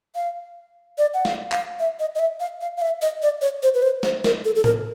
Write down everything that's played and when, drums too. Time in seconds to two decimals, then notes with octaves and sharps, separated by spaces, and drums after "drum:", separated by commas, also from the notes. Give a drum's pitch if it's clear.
0.15 F5
0.98 D5
1.14 F#5
1.25 F5, drum: snare
1.52 F5, drum: clap
1.80 E5
2.00 D#5
2.15 D#5
2.19 E5
2.40 F5
2.61 F5
2.77 F5
2.82 E5
3.02 D#5
3.22 D5
3.42 C#5
3.63 C5
3.74 B4
3.82 C5
4.03 C5, drum: snare
4.24 A#4, drum: snare
4.45 A4
4.55 A4
4.64 A#4, drum: tom A2